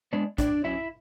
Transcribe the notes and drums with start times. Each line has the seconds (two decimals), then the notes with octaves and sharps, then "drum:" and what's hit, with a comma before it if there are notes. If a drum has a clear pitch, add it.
0.13 G#3 B3 D4
0.38 A2 D4 D5, drum: kick, hi-hat
0.64 F#3 C#4 E4 E5